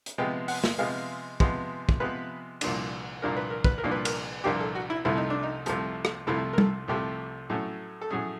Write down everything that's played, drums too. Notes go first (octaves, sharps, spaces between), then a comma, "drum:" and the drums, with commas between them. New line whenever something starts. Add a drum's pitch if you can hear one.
drum: hi-hat
C3 F3 G#3 B3 G5
F#5, drum: open hi-hat
drum: snare
C3 F3 G#3 B3 F5
C3 F3 G#3 B3, drum: kick
drum: kick
C3 F3 G#3 B3 B4
C2 A#2 F3 A#3 D4, drum: cymbal
C2 A#2 F3 A#3 D4 A#4
B4
A#4
B4, drum: kick
A#4
C2 A#2 F3 A#3 D4
B4
A#4, drum: cymbal
C2 A#2 F3 A#3 D4 G4
A4
F#4
E4
C2 C3 F3 A3 E4
D#4
D4
D#4
C2 C3 F3 A3, drum: hi-hat
drum: rim click
C2 C3 F3 A3 E4
A#4
A4, drum: tom G3
C2 C3 F3 A3 G4
A2 F#3 A3 C#4
A4
A2 F#3 A3 C#4 G#4